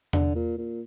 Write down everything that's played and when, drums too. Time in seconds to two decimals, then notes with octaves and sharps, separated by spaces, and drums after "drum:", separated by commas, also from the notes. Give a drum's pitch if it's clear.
0.13 D3, drum: tom E2
0.35 A#2
0.58 A#2